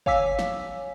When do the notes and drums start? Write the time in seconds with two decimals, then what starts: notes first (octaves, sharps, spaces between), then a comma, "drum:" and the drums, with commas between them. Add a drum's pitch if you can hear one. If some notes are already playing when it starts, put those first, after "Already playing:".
0.06 C#5 F5 G#5 D6 E6 B6, drum: kick
0.39 drum: snare